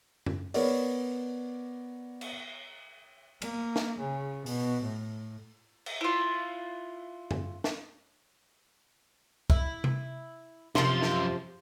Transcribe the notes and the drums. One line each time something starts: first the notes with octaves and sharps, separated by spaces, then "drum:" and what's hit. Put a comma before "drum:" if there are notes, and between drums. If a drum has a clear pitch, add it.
drum: tom F#2
B3 A#4 C#5 D5, drum: open hi-hat
drum: cymbal
A#3, drum: cymbal
drum: snare
C#3
B2, drum: open hi-hat
A2
drum: cymbal
E4 F4
drum: tom F#2
drum: snare
E4, drum: kick
drum: tom C3
F#2 C3 F3 C6, drum: snare
drum: snare